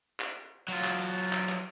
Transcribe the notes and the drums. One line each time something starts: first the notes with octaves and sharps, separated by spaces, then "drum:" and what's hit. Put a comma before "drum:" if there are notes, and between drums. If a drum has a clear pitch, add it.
drum: clap
F#3 F4
drum: clap
drum: clap
drum: clap